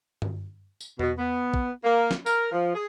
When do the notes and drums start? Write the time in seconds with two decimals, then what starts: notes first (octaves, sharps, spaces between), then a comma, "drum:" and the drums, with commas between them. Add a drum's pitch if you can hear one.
0.22 drum: tom G2
0.81 drum: tambourine
0.99 B2, drum: tom E2
1.18 B3
1.54 drum: kick
1.84 A#3
2.11 drum: snare
2.26 A#4, drum: tambourine
2.52 F3
2.74 G#4